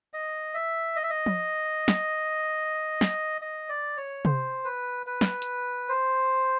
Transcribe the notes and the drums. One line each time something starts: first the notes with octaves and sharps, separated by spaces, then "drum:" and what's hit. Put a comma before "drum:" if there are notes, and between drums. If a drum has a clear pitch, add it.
D#5
E5
D#5
E5
D#5
drum: tom F3
drum: snare
drum: snare
D#5
D5
C#5
C5, drum: tom C3
B4
B4
drum: snare
drum: hi-hat
C5